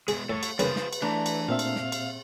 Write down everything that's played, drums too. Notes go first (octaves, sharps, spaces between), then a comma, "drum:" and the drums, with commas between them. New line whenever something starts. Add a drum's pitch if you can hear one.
B2 G#3 G#4, drum: cymbal
A2 A4 C#5
drum: cymbal
B1 C#3 A#3 F4 G#4 B4 C5, drum: cymbal
drum: snare
drum: cymbal
E3 A3 D4 A#5
drum: cymbal
A#2 C4 E5 F5
drum: cymbal
drum: snare
drum: cymbal